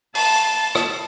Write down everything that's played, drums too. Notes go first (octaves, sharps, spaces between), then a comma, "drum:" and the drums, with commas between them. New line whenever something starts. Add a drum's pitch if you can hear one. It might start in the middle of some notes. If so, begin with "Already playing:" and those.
A5, drum: open hi-hat
drum: rim click